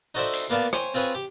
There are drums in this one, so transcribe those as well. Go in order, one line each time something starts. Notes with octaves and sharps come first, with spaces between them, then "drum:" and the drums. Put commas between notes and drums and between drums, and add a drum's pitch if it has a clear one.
D#4 F#4 A4 C5 D5 E5
drum: cymbal
A#3 B3 D5 F5 A5
C5 C#5 G5 G#5, drum: rim click
C4 F4 G#4 B4 C#5
G4